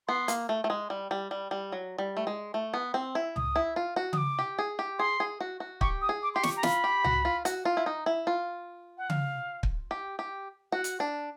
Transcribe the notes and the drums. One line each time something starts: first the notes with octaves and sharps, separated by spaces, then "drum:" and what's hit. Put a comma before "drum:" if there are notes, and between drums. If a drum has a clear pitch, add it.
B3 C6
A#3, drum: hi-hat
A3
A3
G#3
G3
G3
G3
G3
F#3
G3
A3
G#3
A3
B3
C4
E4
D#6, drum: tom C#2
E4
F4
F#4
D#6, drum: tom C#3
D6
G4
G#4
G4
G#4 C6
G#4
F#4
F#4
G4 C#6, drum: kick
D#6
G#4
D6
G4 C6
C#6, drum: snare
A#5
F4 B5, drum: snare
G4
F#4, drum: tom C#2
F4
F#4, drum: hi-hat
F4
E4
D#4
E4
F4
F#5
F5, drum: tom C#3
drum: kick
G4
G4
F#4 F#5
drum: hi-hat
D4